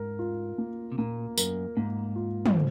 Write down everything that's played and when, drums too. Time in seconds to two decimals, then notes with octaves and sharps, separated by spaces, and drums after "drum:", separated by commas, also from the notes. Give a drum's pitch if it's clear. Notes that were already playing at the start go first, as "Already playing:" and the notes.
Already playing: G#2 A#4
0.19 F4
0.58 A#3
0.92 C3
0.98 A#2 A#3
1.38 F#2 A#4, drum: tambourine
1.77 G#2 A#3
2.16 F4
2.46 drum: tom
2.55 C4